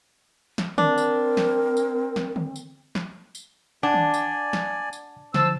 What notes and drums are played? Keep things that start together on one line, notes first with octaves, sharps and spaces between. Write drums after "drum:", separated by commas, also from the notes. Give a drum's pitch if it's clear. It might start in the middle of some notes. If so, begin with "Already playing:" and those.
drum: snare
C4 D4 A#4, drum: tom D3
drum: tambourine
drum: snare
drum: tambourine
drum: snare
drum: tom D3
drum: tambourine
drum: snare
drum: tambourine
D4 D5 F#5 G#5
drum: tom D#3
drum: tambourine
drum: snare
drum: tambourine
D3 F3 C5 A5 E6, drum: snare